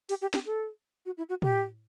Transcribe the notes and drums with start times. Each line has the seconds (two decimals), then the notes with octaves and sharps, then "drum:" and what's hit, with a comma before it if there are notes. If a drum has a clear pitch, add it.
0.09 G4, drum: open hi-hat
0.21 G4
0.34 G4, drum: snare
0.46 A4
1.06 F#4
1.17 E4
1.29 F#4
1.42 G4, drum: tom